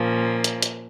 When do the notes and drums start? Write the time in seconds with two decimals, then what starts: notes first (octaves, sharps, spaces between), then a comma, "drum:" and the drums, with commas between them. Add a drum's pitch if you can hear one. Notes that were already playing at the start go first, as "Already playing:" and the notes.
Already playing: A#2 F3 A#3 C#4
0.44 drum: hi-hat
0.63 drum: hi-hat